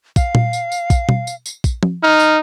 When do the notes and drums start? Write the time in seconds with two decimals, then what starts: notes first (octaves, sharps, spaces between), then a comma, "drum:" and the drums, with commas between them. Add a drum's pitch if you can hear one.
0.16 F5, drum: kick, tambourine
0.35 drum: tom A#2
0.53 drum: tambourine
0.72 drum: tambourine
0.90 drum: kick, tambourine
1.09 drum: tom B2
1.27 drum: tambourine
1.46 drum: tambourine
1.64 drum: kick, tambourine
1.83 drum: tom F3
2.03 D#4 F6
2.20 drum: tambourine